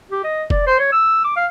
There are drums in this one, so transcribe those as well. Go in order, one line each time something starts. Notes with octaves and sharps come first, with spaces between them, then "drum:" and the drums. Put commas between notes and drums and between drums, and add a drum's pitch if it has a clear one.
G4
D#5
D5, drum: kick F1
C5
C#5
E6
D6
F5